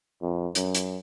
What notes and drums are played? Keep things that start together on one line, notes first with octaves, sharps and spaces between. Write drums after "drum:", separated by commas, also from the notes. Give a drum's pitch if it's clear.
F2
F#2, drum: hi-hat
drum: hi-hat